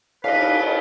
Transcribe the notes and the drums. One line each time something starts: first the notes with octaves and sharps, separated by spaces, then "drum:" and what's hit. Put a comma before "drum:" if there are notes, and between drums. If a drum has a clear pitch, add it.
B4 D#5 F5, drum: cymbal